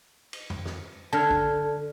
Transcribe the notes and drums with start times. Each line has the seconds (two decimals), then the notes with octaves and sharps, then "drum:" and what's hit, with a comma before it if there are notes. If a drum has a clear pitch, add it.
0.33 drum: cymbal
0.50 drum: tom F2
0.66 drum: snare
1.13 D3 A5 F6 G#6
1.31 drum: kick